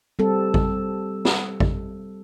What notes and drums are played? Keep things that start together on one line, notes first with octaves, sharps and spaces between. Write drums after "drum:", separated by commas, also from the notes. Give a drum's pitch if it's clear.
G3 C4 A4
drum: kick A1
drum: snare
drum: kick A1